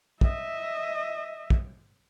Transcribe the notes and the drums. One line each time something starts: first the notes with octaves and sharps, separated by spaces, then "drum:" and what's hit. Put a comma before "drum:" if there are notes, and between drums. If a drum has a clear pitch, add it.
D#5 E5, drum: kick
drum: kick